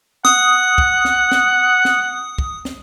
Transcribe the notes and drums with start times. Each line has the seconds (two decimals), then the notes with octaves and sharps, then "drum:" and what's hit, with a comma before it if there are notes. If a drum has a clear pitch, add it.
0.25 F#5 D#6, drum: snare
0.78 drum: kick
1.05 drum: snare
1.32 drum: snare
1.85 drum: snare
2.38 drum: kick
2.65 drum: snare